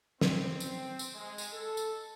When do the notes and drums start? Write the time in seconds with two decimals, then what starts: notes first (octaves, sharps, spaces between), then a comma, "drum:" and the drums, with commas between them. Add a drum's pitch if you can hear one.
0.21 C4, drum: snare
0.60 drum: tambourine
0.99 drum: tambourine
1.15 G#3
1.38 drum: tambourine
1.53 A4
1.77 drum: tambourine